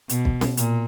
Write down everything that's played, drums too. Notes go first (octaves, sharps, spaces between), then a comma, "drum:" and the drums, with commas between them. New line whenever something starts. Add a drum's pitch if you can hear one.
B2, drum: hi-hat
drum: kick
drum: snare C#4
A#2, drum: hi-hat